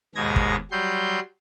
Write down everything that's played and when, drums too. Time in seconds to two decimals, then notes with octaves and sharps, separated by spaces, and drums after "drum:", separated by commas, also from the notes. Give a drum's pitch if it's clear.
0.15 D#2 G#2 B2 G#3 G#6 A#6
0.36 drum: kick
0.71 F#3 G3 C6 G6